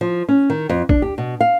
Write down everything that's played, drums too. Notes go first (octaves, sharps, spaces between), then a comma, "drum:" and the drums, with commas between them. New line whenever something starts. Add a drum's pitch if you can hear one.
F3
C#4
D#3
F2
D4, drum: kick A#1
G4
B2
F5